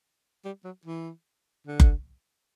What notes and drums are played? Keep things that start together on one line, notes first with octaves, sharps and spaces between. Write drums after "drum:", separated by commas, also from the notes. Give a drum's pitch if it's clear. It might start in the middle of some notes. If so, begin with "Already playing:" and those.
G3
F#3
E3
D3
drum: kick F#1